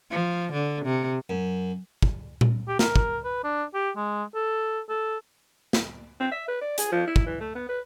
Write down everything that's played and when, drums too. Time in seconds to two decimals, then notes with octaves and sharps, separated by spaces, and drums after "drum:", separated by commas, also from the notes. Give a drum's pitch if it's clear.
0.10 F3
0.53 D3
0.85 C3
1.29 F#2
2.02 drum: kick
2.41 drum: tom A#2
2.68 G4
2.79 A#4, drum: snare
2.96 drum: kick
3.24 B4
3.44 D4
3.74 G4
3.96 G#3
4.35 A4
4.89 A4
5.73 drum: snare
6.20 C4
6.31 E5
6.48 B4
6.61 D5
6.78 G#4, drum: hi-hat
6.91 F3
7.07 E4
7.16 drum: kick
7.26 E3
7.40 A3
7.55 B3
7.69 B4